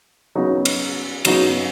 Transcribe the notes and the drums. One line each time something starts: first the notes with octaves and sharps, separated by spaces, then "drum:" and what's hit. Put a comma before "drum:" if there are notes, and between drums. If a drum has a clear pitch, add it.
C#3 F#3 B3 D#4 F#4
drum: cymbal
C#3 F#3 B3 D#4 F#4, drum: cymbal